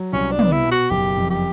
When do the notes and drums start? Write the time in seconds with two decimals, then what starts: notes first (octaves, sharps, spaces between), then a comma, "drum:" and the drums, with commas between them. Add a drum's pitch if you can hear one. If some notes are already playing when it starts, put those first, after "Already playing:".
Already playing: F#3
0.13 C2 C#4
0.32 D4
0.39 B3, drum: tom
0.52 E4
0.64 B2
0.71 F#4
0.90 F#1 G4
1.17 F2
1.30 G4